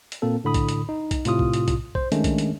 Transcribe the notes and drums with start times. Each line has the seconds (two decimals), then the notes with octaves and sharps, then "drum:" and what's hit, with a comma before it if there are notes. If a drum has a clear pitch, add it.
0.12 drum: hi-hat
0.22 A#2 A#3 C4 A4
0.44 A2 D3 B5 D#6
0.54 drum: kick B1, hi-hat
0.69 drum: hi-hat
0.89 D#4
1.11 drum: kick B1, hi-hat
1.25 A2 C3 F4 D#6, drum: hi-hat
1.39 drum: kick B1
1.53 drum: hi-hat
1.68 drum: kick B1, hi-hat
1.95 C5, drum: kick B1
2.12 D#3 G#3 A3 C#4 D4, drum: hi-hat
2.24 drum: kick B1, hi-hat
2.38 drum: hi-hat